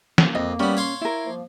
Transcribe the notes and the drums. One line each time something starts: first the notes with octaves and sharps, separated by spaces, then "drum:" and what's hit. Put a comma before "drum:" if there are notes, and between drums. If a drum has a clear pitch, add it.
A#3, drum: snare
F2 D#5
G3 B3 C#4
C#5 F5 C6
E4 A#4
F3 A#3